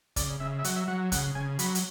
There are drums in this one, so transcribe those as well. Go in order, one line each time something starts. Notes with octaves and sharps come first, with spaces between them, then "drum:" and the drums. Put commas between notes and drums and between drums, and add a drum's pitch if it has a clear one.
C#3 D5, drum: kick, hi-hat
C#3 E5
E5
F#3 F#5, drum: hi-hat
E5
F#3 F#5
C#3 F#5, drum: kick, hi-hat
C#3 G#5
F#3 B5, drum: hi-hat
drum: hi-hat